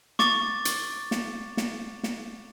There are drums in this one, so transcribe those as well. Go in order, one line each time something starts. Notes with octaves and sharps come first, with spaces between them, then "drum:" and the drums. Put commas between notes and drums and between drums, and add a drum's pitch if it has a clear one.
C#6 D6 A6, drum: snare
drum: hi-hat
drum: snare
drum: snare
drum: snare